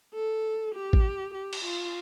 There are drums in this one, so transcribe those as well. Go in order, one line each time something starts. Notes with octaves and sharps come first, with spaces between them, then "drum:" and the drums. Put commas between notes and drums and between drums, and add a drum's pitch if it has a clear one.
A4
G4
drum: kick
G4
drum: cymbal
F4